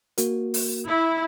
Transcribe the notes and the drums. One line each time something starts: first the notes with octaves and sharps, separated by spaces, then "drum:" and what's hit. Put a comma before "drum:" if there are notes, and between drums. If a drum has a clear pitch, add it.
A#3 F#4 A#4, drum: hi-hat
drum: open hi-hat
E4